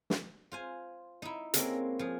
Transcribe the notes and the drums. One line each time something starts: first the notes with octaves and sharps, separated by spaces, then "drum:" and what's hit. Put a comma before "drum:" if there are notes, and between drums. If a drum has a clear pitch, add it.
drum: snare
F4 C5 G#5
D#4 E4
G#3 A#3 C4 C#4 G#4 A4, drum: hi-hat
F3 G#4